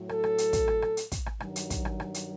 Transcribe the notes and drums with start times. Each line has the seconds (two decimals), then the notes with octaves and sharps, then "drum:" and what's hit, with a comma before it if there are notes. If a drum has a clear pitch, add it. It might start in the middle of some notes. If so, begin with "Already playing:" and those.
Already playing: A2 F#3
0.09 A4, drum: rim click
0.24 drum: rim click
0.38 drum: hi-hat
0.53 drum: kick, hi-hat
0.68 drum: rim click
0.82 drum: rim click
0.97 drum: hi-hat
1.12 drum: kick, hi-hat
1.26 drum: rim click
1.40 G2 D#3 F#3, drum: rim click
1.56 drum: hi-hat
1.70 drum: kick, hi-hat
1.85 drum: rim click
2.00 drum: rim click
2.14 drum: hi-hat